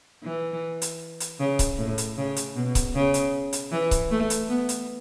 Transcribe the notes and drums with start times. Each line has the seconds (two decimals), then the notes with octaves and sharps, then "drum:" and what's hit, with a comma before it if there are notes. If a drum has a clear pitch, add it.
0.24 E3
0.82 drum: hi-hat
1.20 drum: hi-hat
1.40 C#3
1.59 drum: kick C#1, hi-hat
1.78 A2
1.98 drum: hi-hat
2.17 C#3
2.36 drum: hi-hat
2.56 B2
2.75 drum: kick C#1, hi-hat
2.95 C#3
3.14 drum: hi-hat
3.53 drum: hi-hat
3.72 E3
3.91 drum: kick C#1, hi-hat
4.11 A3
4.30 drum: hi-hat
4.49 B3
4.69 drum: hi-hat